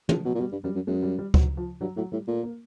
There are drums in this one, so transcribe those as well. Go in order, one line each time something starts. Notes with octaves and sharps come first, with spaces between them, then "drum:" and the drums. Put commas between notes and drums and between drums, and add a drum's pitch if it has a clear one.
A2 F3, drum: tom
B2 F#3
A#2
B2 G3
G2
F#2 G3
F#2
F#2 G#3
G3
G3
F#3, drum: kick C#2
F3
G2 F#3
A2 F#3
A2 G3
A#2 A3
A#3